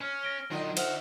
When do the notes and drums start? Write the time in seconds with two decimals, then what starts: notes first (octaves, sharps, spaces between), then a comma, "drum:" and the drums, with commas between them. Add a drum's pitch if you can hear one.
0.01 C#4 F6
0.23 A#6 D7 G7
0.51 D3 F#3 D#4 F4 D#5
0.77 C5 E5 F#5 F6, drum: cymbal